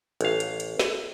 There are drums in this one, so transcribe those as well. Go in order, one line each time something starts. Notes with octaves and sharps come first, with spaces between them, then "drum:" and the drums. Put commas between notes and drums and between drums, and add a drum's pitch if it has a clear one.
A1 F5, drum: hi-hat
drum: hi-hat
drum: hi-hat
drum: snare